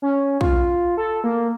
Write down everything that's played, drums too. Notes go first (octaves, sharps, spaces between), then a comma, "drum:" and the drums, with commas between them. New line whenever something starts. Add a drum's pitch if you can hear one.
C#4
F4, drum: kick
A4
A#3